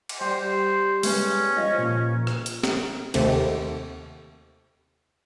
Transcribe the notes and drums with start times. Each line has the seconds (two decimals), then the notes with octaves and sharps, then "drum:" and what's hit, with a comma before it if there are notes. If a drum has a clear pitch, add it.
0.09 drum: cymbal
0.21 G3 C5
1.03 G#3 B3 C#4 G#4, drum: open hi-hat
1.57 F3 D#5
1.78 A#2
2.27 drum: rim click
2.46 drum: hi-hat
2.63 drum: snare
3.14 D#2 C3 A3 C4, drum: cymbal